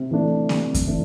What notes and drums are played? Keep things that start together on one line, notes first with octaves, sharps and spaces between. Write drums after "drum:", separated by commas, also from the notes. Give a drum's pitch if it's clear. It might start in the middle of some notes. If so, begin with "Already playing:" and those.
Already playing: C3
E3 A3 D4
C3, drum: snare A#3
drum: kick F2, hi-hat
E3 A3 D4